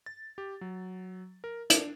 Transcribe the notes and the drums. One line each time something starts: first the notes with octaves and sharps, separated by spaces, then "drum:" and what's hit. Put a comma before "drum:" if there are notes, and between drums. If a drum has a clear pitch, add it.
A6
G4
F#3
A#4
D4, drum: hi-hat